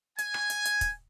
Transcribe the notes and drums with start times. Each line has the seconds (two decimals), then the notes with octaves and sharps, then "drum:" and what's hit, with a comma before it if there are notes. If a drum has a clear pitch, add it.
0.19 G#5, drum: hi-hat
0.34 drum: rim click
0.50 drum: hi-hat
0.65 drum: hi-hat
0.81 drum: kick, hi-hat